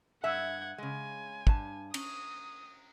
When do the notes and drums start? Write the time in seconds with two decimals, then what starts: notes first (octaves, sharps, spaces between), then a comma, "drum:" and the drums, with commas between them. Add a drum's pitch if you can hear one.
0.24 G2 E5 F#5 G#5 G#6
0.78 C#3 G#3 G#5
1.47 G2 A5, drum: kick
1.94 C#4 D#6, drum: cymbal